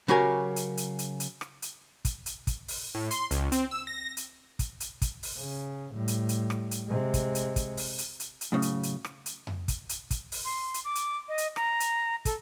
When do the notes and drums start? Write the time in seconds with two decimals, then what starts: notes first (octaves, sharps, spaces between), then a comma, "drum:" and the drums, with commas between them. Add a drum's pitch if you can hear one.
0.08 C#3 F#3 G4 A#4 G#5
0.56 drum: hi-hat
0.77 drum: hi-hat
0.99 drum: hi-hat
1.20 drum: hi-hat
1.41 drum: rim click
1.62 drum: hi-hat
2.05 drum: kick, hi-hat
2.26 drum: hi-hat
2.47 drum: kick, hi-hat
2.68 drum: open hi-hat
2.95 A2
3.11 C6, drum: hi-hat
3.31 C#2, drum: hi-hat
3.52 C4, drum: hi-hat
3.71 E6
3.87 A#6
4.17 drum: hi-hat
4.59 drum: kick, hi-hat
4.80 drum: hi-hat
5.02 drum: kick, hi-hat
5.23 drum: open hi-hat
5.38 C#3
5.95 A2 G3
6.08 drum: hi-hat
6.29 drum: hi-hat
6.50 drum: rim click
6.71 drum: hi-hat
6.88 C3 G#3
7.14 drum: kick, hi-hat
7.35 drum: hi-hat
7.56 drum: kick, hi-hat
7.77 drum: open hi-hat
7.98 drum: hi-hat
8.20 drum: hi-hat
8.41 drum: hi-hat
8.52 F#2 A2 C#3
8.62 drum: hi-hat
8.83 drum: hi-hat
9.04 drum: rim click
9.26 drum: hi-hat
9.47 drum: tom F2
9.68 drum: kick, hi-hat
9.89 drum: hi-hat
10.11 drum: kick, hi-hat
10.32 drum: open hi-hat
10.45 C6
10.74 drum: hi-hat
10.85 D6
10.95 drum: hi-hat
11.28 D#5
11.38 drum: hi-hat
11.56 A#5, drum: rim click
11.80 drum: hi-hat
12.25 A4, drum: kick, hi-hat